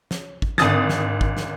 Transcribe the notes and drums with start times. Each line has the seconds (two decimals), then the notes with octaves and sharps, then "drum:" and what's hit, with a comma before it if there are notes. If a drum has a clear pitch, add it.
0.11 drum: snare
0.42 drum: kick
0.58 G#1 D3 D#6 A6, drum: snare
0.89 drum: snare
1.21 drum: kick
1.37 drum: snare